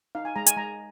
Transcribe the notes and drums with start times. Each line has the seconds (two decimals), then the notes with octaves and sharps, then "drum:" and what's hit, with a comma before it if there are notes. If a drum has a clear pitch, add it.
0.15 D#4 F5
0.25 G#5
0.36 G#3 A#5
0.46 G#5, drum: hi-hat
0.57 G#3 A#5